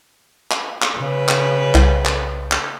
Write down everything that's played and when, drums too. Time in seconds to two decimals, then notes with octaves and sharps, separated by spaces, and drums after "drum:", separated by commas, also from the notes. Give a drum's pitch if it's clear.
0.51 drum: clap
0.82 drum: clap
0.98 C#3 B4
1.28 drum: clap
1.75 C2, drum: clap
2.05 drum: clap
2.52 drum: clap